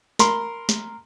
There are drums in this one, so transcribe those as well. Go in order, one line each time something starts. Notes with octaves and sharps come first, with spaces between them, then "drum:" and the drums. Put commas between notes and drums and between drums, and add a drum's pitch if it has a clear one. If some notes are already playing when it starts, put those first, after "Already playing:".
A#4 B5 C6, drum: snare
drum: snare